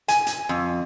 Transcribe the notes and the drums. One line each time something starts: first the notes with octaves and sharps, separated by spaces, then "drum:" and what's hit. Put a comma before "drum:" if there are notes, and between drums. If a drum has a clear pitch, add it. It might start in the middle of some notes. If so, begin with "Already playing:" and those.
G#5, drum: hi-hat
drum: hi-hat
F2